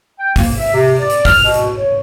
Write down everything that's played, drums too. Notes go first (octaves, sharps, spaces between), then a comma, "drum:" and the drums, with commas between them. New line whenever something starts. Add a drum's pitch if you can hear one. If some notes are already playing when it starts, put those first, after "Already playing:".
G5
A#3, drum: kick, open hi-hat
E5
C3
D5
drum: hi-hat
F6, drum: kick, open hi-hat
B2
drum: hi-hat
C#5